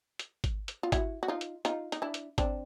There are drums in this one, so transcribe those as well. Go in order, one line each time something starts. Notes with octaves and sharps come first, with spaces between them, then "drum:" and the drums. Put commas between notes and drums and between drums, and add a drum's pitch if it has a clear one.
drum: hi-hat
drum: kick G#1, hi-hat
drum: hi-hat
F4
E4 F#4, drum: kick G#1, hi-hat
F#4
D#4 F4
drum: hi-hat
D#4 F4, drum: hi-hat
D#4, drum: hi-hat
D4 E4
drum: hi-hat
C4 D4, drum: kick G#1, hi-hat